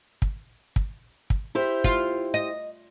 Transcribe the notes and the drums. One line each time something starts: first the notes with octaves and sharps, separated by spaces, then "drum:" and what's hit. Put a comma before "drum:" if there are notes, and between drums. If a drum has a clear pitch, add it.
drum: kick
drum: kick
drum: kick
E4 G4 C5
F4, drum: kick
D#5